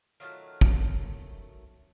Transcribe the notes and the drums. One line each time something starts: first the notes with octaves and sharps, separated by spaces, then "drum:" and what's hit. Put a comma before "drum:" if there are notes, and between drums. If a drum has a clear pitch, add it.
D#3 F#3 A3 F4 D#5 F5
drum: kick